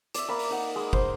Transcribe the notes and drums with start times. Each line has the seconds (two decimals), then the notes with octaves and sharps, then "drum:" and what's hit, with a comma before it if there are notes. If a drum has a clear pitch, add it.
0.14 D5 E5, drum: hi-hat
0.28 A#3 D5 B5
0.39 drum: open hi-hat
0.50 D#4 F#5
0.76 G#3
0.93 C5, drum: kick